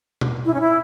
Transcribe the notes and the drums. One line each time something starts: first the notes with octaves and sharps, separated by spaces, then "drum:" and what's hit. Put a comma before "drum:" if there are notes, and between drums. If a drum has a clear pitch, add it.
drum: tom B2
E4
C#4
E4